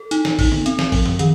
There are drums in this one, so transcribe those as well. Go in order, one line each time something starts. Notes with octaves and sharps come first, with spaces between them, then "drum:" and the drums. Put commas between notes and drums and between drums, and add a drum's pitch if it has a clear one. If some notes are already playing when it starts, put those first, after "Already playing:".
Already playing: A4
D#4, drum: hi-hat
drum: snare
D#4, drum: kick G#1, open hi-hat
drum: tom D3
C4, drum: hi-hat
drum: snare
F3, drum: kick G#1, open hi-hat
drum: tom F#2
D#3, drum: hi-hat